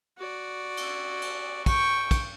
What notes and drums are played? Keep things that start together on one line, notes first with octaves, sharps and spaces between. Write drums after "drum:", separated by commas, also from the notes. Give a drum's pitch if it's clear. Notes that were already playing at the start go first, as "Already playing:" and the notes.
F#4 D5
drum: cymbal
drum: cymbal
G5 C#6, drum: kick, cymbal
drum: kick, cymbal